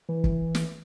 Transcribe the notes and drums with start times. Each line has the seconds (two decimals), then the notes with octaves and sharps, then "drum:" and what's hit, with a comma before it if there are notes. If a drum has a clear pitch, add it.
0.09 E3
0.24 drum: kick
0.55 drum: snare